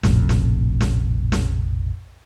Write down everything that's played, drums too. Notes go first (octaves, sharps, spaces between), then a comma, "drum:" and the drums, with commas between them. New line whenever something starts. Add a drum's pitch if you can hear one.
F1 A#1 F2 A2, drum: snare
drum: snare
drum: snare
drum: snare